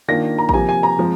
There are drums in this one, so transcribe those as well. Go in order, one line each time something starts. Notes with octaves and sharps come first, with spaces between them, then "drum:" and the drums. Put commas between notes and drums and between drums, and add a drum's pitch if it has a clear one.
D#3 A#3 D4 F4 A#6
A#5
A#5, drum: kick A1
C3 F3 A#3 G#5
G#5
A#5
F3 G#3 C4